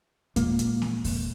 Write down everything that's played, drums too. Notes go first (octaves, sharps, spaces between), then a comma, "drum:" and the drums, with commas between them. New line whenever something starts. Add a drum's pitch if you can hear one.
A#2 G#3 A#3, drum: kick E2, hi-hat
drum: hi-hat
drum: snare A#3
drum: kick E2, open hi-hat